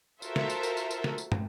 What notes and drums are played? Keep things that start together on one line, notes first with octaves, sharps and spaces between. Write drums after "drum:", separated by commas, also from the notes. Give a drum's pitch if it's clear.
F4 F#4 A4 A#4 C5 E5, drum: tambourine
drum: snare
drum: tambourine
drum: tambourine
drum: tambourine
drum: tambourine
drum: snare
drum: tambourine
drum: tom